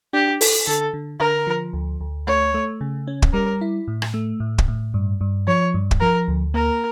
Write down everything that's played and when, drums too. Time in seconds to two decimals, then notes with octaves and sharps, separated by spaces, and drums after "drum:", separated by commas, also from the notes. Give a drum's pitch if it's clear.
0.13 D4 G4
0.41 A4, drum: open hi-hat
0.67 D3 A4
0.94 D3
1.20 D3 A#4
1.47 F3
1.73 D2
2.01 D2
2.27 A3 C#5
2.54 A3
2.81 C#3
3.07 C#4
3.22 drum: kick
3.33 G3 A#4
3.61 E4
3.88 A2
4.02 drum: rim click
4.14 A3
4.40 A2
4.58 drum: kick
4.68 A2
4.94 G2
5.21 G2
5.47 F3 C#5
5.74 G2
5.91 drum: kick
6.01 F3 A#4
6.28 D2
6.54 A#3 A#4